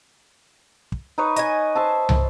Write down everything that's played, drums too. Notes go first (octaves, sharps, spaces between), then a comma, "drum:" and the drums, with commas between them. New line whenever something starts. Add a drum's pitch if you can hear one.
drum: kick
D#4 B4 C#5
D#5 G#5, drum: hi-hat
C5 E5 A5
drum: tom